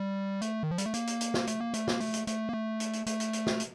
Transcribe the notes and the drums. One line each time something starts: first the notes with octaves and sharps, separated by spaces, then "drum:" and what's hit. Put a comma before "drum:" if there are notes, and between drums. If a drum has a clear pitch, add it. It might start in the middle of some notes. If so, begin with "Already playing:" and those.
Already playing: G3
A3, drum: hi-hat
D#3
F3
G3, drum: hi-hat
A3
A#3, drum: hi-hat
drum: hi-hat
drum: hi-hat
drum: snare
A3, drum: hi-hat
A#3
A3, drum: hi-hat
A#3, drum: snare
A3, drum: open hi-hat
drum: hi-hat
A3, drum: hi-hat
A#3
A3
drum: hi-hat
drum: hi-hat
A3, drum: hi-hat
drum: hi-hat
drum: hi-hat
drum: snare
drum: hi-hat